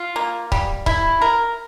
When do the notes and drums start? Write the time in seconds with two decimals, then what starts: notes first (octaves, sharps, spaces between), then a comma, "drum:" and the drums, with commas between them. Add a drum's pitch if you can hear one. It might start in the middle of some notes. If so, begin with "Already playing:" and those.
Already playing: F4
0.16 A#3
0.52 G3, drum: kick
0.86 E4, drum: kick
1.22 A#4